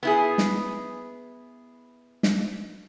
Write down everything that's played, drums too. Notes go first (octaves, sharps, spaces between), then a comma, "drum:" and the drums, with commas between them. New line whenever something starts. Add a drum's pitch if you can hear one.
B3 E4 G#4
drum: snare
drum: snare